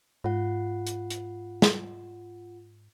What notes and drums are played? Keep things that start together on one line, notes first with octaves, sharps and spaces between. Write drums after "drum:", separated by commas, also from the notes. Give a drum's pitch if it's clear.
G#2 F4 F#5
drum: hi-hat
drum: hi-hat
drum: snare